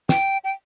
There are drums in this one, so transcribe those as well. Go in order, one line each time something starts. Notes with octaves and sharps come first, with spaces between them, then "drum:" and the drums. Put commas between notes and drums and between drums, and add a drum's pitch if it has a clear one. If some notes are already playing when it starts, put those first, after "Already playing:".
G5, drum: snare
G5